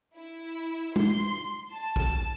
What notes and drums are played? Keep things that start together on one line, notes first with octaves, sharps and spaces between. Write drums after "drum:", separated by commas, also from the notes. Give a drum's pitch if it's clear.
E4
C6, drum: tom
A5
drum: kick